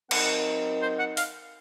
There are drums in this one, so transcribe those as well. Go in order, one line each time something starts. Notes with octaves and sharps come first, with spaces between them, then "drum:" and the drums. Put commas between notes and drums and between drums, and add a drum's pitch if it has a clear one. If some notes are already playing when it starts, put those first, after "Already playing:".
F#3 C4 D#4 A#4 F#5, drum: cymbal
C5
F#5
F5, drum: open hi-hat